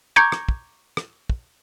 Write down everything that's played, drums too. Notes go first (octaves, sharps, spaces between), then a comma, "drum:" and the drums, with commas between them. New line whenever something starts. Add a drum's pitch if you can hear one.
A#5 C#6 D6 G6 G#6
drum: rim click
drum: kick
drum: rim click
drum: kick